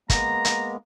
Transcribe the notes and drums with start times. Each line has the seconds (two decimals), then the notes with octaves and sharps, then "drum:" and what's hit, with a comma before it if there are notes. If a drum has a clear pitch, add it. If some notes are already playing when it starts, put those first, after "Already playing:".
0.10 G#3 A#3 B3 A#5, drum: kick, hi-hat
0.45 drum: hi-hat